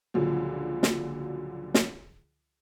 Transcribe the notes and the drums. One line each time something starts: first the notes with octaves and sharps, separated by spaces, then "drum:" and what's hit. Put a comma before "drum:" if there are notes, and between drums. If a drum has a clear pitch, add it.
C#2 A#2 D3 F3 F#3
drum: snare
drum: snare